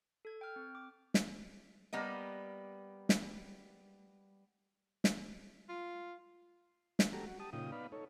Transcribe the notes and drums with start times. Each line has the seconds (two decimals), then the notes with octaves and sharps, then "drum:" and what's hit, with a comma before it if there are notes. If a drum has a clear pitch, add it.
0.25 A4 G#6
0.41 G5 F6
0.56 C4
0.75 D6
1.14 drum: snare
1.93 G3 A#3 B3 D#5
3.09 drum: snare
5.04 drum: snare
5.69 F4
6.99 drum: snare
7.13 F#4 G4 A4 A#5
7.26 F#4
7.40 G4 A5 D#6
7.53 A#2 C#3 D#4 F4 G5 D#6
7.72 B3 D#4 D5 F5 B5
7.92 D#4 A4 C#5